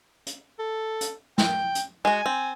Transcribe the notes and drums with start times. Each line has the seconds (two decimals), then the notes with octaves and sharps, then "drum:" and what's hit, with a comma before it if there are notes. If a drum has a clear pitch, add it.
0.26 drum: hi-hat
0.59 A4
1.01 drum: hi-hat
1.38 G5, drum: snare
1.75 drum: hi-hat
2.05 G#3 F#4 G#5
2.26 C4